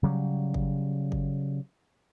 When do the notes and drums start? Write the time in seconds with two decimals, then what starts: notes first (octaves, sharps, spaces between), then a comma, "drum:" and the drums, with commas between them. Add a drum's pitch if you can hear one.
0.03 C#3 F#3 G3
0.54 drum: kick
1.12 drum: kick